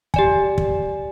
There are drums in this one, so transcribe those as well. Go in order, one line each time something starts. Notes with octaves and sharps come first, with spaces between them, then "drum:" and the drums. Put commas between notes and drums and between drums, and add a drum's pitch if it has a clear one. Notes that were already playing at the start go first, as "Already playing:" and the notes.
G4 D5 G#5, drum: kick
drum: kick